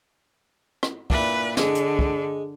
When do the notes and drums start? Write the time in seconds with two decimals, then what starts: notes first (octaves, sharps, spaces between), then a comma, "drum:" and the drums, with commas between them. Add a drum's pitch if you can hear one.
0.83 drum: rim click
1.10 A#2 D4 E4 B4, drum: kick
1.57 D3 G#3, drum: snare
1.75 drum: hi-hat
1.99 drum: kick